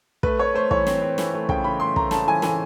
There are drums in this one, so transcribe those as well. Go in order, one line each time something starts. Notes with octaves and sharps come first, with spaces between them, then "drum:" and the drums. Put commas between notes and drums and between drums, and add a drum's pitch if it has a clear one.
A3 B4, drum: kick
A3 C#5
A3 C5
E3 C#5, drum: kick
C4, drum: snare
C4
E3, drum: snare
A3
C#3 G5, drum: kick
C#3 B5
A3 C6
A3 A#5, drum: kick
C#3 A5, drum: snare
E3 G#5
E3 G#5, drum: snare